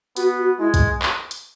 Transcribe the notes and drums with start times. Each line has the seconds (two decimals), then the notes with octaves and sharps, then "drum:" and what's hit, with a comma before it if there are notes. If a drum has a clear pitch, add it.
0.17 B3 F#4, drum: hi-hat
0.39 F#4
0.59 G#3 E4
0.74 drum: kick, hi-hat
1.02 drum: clap
1.31 drum: hi-hat